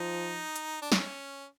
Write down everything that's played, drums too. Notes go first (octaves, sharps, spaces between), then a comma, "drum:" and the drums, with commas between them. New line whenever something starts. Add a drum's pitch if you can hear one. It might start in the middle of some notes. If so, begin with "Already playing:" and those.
Already playing: F3 D#4
drum: hi-hat
D4
C#4, drum: snare